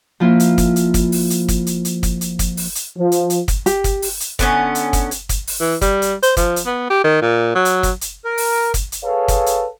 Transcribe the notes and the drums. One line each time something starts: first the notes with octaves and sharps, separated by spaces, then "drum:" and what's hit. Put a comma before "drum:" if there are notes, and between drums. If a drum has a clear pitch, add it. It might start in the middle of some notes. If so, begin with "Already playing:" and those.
F3 A#3 E4 F4
drum: hi-hat
drum: kick, hi-hat
drum: hi-hat
drum: kick, hi-hat
drum: open hi-hat
drum: hi-hat
drum: kick, hi-hat
drum: hi-hat
drum: hi-hat
drum: kick, hi-hat
drum: hi-hat
drum: kick, hi-hat
drum: open hi-hat
drum: hi-hat
F3
drum: hi-hat
drum: hi-hat
drum: kick, hi-hat
G4, drum: hi-hat
drum: kick, hi-hat
drum: open hi-hat
drum: hi-hat
D3 B3 C#4, drum: kick, hi-hat
drum: hi-hat
drum: kick, hi-hat
drum: hi-hat
drum: kick, hi-hat
drum: open hi-hat
E3
G3, drum: kick, hi-hat
drum: hi-hat
C5, drum: hi-hat
F3, drum: kick, hi-hat
drum: hi-hat
B3
G4
D#3
A#2
F#3
drum: hi-hat
drum: kick, hi-hat
drum: hi-hat
A#4
drum: open hi-hat
drum: kick, hi-hat
drum: hi-hat
G#4 A4 B4 C#5 F5
drum: kick, hi-hat
drum: hi-hat